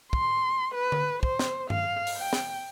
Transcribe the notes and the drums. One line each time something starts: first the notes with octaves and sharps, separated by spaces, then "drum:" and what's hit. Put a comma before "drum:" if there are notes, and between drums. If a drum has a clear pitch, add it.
C6, drum: kick
B4
drum: tom D3
C5, drum: kick
drum: snare
F5, drum: tom G2
drum: open hi-hat
G5
drum: snare